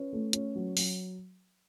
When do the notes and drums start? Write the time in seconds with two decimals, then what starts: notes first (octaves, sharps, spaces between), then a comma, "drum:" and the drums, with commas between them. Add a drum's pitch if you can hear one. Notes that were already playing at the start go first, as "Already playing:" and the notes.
Already playing: C#4 B4
0.13 A3
0.33 C#4, drum: hi-hat
0.56 F#3
0.77 F#3, drum: open hi-hat